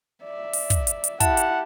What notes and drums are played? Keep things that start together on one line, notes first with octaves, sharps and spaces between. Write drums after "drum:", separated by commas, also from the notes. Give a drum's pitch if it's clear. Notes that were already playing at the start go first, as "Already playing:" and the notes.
D5 E5
drum: open hi-hat
drum: kick, hi-hat
drum: hi-hat
drum: hi-hat
E4 G4 F#5 A5, drum: kick, hi-hat
drum: hi-hat